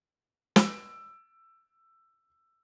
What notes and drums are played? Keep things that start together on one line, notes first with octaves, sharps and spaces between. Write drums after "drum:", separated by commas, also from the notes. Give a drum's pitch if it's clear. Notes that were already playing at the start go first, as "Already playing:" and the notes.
E6 D7, drum: snare